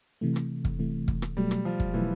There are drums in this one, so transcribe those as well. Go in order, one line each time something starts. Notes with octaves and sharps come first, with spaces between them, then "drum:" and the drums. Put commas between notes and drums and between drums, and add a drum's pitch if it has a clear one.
C3 E3 A3
drum: rim click
drum: kick
C3 E3 A3
drum: kick
drum: rim click
B2 F#3 G3 A3
drum: rim click
F3
drum: kick
B2 E3 F#3 A3